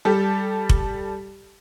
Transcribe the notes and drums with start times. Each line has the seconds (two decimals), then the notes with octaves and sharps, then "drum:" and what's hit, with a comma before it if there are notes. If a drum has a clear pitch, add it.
0.05 G3 G4 A4
0.69 drum: kick F1